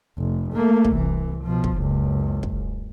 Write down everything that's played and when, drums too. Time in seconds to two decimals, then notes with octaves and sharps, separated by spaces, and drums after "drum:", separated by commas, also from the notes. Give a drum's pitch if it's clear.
0.18 F1
0.54 A3 A#3
0.85 drum: kick
0.94 C2 E3
1.44 B2 F3
1.64 drum: kick
1.80 F#1 C#2
2.43 drum: kick